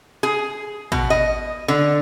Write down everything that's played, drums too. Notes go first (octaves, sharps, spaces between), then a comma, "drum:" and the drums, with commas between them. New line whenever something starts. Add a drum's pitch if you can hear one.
G#4
B2, drum: kick
D#5
D3